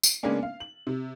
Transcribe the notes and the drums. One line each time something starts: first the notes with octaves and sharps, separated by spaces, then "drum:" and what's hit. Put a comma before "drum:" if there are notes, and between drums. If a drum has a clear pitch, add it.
drum: tambourine
C#3 G#3 A#3 B3 C#4 D4
F5
F#7
C3